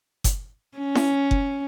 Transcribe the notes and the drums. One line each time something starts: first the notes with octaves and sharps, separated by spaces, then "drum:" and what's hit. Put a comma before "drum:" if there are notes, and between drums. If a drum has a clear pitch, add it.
drum: kick F#1, hi-hat
C#4
drum: snare E4
drum: kick F#1